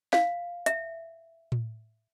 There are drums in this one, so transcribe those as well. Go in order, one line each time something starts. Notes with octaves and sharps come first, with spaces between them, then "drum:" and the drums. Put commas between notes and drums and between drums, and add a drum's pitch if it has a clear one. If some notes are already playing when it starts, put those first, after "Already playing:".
F5, drum: snare
E5, drum: hi-hat
drum: tom A2